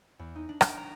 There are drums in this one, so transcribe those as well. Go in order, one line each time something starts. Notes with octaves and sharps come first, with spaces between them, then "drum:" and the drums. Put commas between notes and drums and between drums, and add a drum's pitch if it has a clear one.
E2
D#4
D4
D7, drum: rim click
A#5